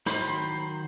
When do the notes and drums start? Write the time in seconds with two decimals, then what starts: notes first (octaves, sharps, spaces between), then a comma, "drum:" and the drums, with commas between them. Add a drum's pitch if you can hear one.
0.06 D#3 F#3 C5 B5, drum: snare